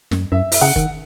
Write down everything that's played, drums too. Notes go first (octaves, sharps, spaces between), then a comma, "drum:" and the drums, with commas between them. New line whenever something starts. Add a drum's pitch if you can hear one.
F#2, drum: snare
F#2 E5
E5, drum: open hi-hat
C#3 F#5
D#3, drum: kick